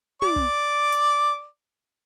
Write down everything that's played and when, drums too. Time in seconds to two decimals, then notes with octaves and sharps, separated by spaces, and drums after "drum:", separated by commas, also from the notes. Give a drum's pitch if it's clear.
0.22 D5 D6, drum: tom
0.36 drum: kick
0.92 drum: hi-hat